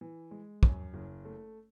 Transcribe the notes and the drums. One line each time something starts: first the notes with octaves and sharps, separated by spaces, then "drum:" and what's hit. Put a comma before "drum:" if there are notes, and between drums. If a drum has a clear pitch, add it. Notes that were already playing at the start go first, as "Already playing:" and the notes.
E3
G#3
F#2, drum: kick
F#1
A3